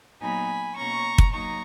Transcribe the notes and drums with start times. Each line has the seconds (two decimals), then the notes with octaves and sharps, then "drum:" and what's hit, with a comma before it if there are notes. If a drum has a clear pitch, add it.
0.20 A#2 F#3 B3 D#4 G#5 B5
0.76 B2 A#3 C#4 A#5 C#6
1.18 drum: kick
1.32 F#3 A#3 D#4 A#5 C#6